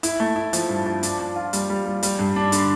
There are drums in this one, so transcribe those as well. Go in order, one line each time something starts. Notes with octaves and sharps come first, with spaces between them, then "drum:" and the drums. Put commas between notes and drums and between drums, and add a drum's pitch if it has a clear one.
E4, drum: hi-hat
A3
E4
F3, drum: hi-hat
G2
F3
D4, drum: hi-hat
D4
F4
G3, drum: hi-hat
G3
G3
G3, drum: hi-hat
G2
D4
D3, drum: hi-hat